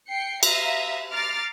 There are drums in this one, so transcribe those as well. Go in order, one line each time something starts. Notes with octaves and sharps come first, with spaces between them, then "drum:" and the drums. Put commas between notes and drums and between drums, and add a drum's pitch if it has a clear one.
G5 C7 C#7
E5 F5 A#5 D#6, drum: cymbal
A#5 D6 F6 A6 C7